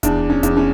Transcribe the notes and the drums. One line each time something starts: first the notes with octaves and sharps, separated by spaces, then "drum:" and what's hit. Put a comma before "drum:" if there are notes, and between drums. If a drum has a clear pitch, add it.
E2 D4, drum: kick D1, hi-hat
C#4
E2, drum: kick D1, hi-hat
C#4